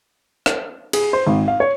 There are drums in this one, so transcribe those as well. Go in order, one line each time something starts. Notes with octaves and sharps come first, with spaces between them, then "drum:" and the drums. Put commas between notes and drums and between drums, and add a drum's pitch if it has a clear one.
drum: rim click
G#4, drum: cymbal
C5
G#1
F5
C#5